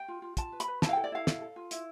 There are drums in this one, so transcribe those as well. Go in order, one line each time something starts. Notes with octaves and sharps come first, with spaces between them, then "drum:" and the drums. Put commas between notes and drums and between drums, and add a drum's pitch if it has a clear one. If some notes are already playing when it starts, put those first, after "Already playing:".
Already playing: G5
F4
F4
F4 A5, drum: kick, hi-hat
B4
B5, drum: hi-hat
B4
E4 A5, drum: snare
F5
A4 G5
D5
E4 F5
A4, drum: snare
A4
F4
E4, drum: hi-hat